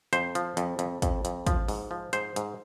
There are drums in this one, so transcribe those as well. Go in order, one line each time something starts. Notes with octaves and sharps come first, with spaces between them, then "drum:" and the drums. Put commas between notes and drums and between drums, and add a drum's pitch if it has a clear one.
F2 C5, drum: hi-hat
F3, drum: hi-hat
F2, drum: hi-hat
F2, drum: hi-hat
F2, drum: kick, hi-hat
F2, drum: hi-hat
F3, drum: kick, hi-hat
G#2, drum: open hi-hat
F3
G#2 C5, drum: hi-hat
G#2, drum: hi-hat